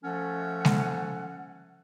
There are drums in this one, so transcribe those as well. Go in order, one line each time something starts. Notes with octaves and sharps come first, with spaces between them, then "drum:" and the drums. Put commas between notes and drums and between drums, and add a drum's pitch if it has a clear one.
F3 A3 C#4 A4 F#5
drum: snare G#3